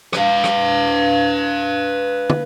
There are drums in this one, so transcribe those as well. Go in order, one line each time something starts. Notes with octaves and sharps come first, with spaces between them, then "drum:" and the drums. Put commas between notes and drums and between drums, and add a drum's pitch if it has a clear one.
B4 F5, drum: rim click
drum: rim click
drum: tom